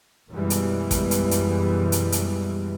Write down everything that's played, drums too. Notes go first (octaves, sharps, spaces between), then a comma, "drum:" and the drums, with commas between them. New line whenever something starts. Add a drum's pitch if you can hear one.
F#2 B2 E3 G3 G#3
drum: hi-hat
drum: kick, hi-hat
drum: hi-hat
drum: hi-hat
drum: hi-hat
drum: hi-hat